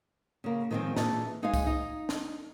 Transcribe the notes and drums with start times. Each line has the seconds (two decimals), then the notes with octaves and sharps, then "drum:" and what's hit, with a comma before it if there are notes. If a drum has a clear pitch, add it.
0.44 C#3 A#3
0.71 D#3 F3 G#3 A3 C4 C#4
0.96 A#2 E3 D#4 G#4 A5, drum: snare
1.42 G#3 D#4 G#4 C5 F5 G#5
1.54 drum: kick C2, tambourine
1.66 D#4
2.09 drum: snare